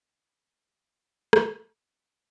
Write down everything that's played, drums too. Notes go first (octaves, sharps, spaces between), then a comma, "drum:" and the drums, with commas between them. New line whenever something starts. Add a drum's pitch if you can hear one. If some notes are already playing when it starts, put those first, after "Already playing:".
B5
C4 C6
F#2
C4
A#5
G3 A5
G3 A5, drum: rim click
F#5
C4 G5
C3